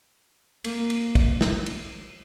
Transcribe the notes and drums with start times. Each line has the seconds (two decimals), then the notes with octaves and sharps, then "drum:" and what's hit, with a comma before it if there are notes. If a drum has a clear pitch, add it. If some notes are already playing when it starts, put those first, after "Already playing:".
0.64 A#3, drum: cymbal
0.90 drum: cymbal
1.15 drum: kick, cymbal
1.41 drum: snare
1.66 drum: cymbal